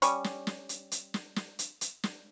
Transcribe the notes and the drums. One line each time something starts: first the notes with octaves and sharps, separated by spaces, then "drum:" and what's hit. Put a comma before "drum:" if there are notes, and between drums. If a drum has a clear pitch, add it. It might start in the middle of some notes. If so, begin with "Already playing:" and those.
G3 C#4 C#6, drum: hi-hat
drum: snare
drum: snare
drum: hi-hat
drum: hi-hat
drum: snare
drum: snare
drum: hi-hat
drum: hi-hat
drum: snare